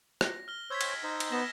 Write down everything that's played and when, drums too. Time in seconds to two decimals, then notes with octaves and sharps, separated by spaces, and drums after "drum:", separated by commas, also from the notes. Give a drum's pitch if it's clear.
0.21 A#6, drum: rim click
0.48 F6 G7
0.70 C5 C#5 E6 G#6 B6
0.81 drum: cymbal
1.03 D#4 C5
1.20 drum: cymbal
1.32 B3 A#6 E7